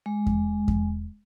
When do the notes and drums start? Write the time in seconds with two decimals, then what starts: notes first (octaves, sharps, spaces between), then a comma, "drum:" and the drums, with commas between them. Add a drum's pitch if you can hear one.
0.06 G#3
0.26 drum: kick E2
0.68 drum: kick E2